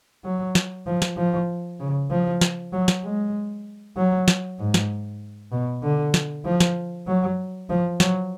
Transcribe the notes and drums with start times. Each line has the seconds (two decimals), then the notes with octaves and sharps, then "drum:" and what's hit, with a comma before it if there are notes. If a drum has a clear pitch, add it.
0.24 F#3
0.55 drum: snare
0.86 F3
1.02 drum: snare
1.17 F3
1.80 C#3
2.10 F3
2.41 drum: snare
2.73 F#3
2.88 drum: snare
3.03 G#3
3.96 F#3
4.28 drum: snare
4.59 G#2
4.74 drum: snare
5.52 B2
5.83 D3
6.14 drum: snare
6.45 F3
6.60 drum: snare
7.07 F#3
7.70 F3
8.00 F#3, drum: snare